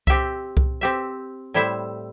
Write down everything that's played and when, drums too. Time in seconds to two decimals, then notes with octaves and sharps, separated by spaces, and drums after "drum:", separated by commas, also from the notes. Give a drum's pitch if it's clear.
0.07 C4 G4 E5, drum: kick C2
0.57 drum: kick C2
0.81 C4 G4 E5
1.54 A2 G3 E4 C5 E5